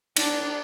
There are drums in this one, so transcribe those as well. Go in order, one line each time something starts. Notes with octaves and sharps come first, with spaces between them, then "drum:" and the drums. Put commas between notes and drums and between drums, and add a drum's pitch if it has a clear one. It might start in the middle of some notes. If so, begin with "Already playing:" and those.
D4, drum: cymbal